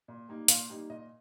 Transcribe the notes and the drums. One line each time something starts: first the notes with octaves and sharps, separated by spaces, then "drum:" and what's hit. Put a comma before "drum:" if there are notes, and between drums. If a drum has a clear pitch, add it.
A#2
G3 A#3 D#4
A#2 F5, drum: hi-hat
G3 A#3 D#4
A#2 D#5